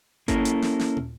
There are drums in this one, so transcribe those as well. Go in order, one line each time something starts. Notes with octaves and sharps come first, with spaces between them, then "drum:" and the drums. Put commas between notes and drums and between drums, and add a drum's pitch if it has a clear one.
A#3 C#4 E4 A4 A#4, drum: kick G#1, hi-hat
drum: hi-hat
drum: snare
drum: snare
drum: tom